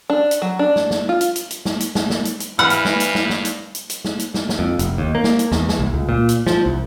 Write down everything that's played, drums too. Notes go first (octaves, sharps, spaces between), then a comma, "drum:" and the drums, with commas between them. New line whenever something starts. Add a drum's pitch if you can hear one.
D4
drum: hi-hat
F#3
D4
drum: snare
drum: snare
F4
drum: hi-hat
drum: hi-hat
drum: hi-hat
drum: snare
drum: hi-hat
drum: snare
drum: snare
drum: hi-hat
drum: hi-hat
G2 E3 F#5 B5 F6
drum: hi-hat
drum: snare
drum: hi-hat
drum: snare
drum: snare
drum: hi-hat
drum: hi-hat
drum: hi-hat
drum: snare
drum: hi-hat
drum: snare
drum: snare
F2
F1, drum: hi-hat
D#2
A#3
drum: snare
drum: hi-hat
E2, drum: snare
drum: snare
C2
C#2
A#2
drum: hi-hat
F3, drum: snare
C2